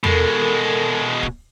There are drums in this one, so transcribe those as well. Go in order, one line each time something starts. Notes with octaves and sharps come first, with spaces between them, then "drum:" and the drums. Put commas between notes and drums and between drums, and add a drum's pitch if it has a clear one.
B2 G#3 A4 A#4, drum: tom E2
drum: kick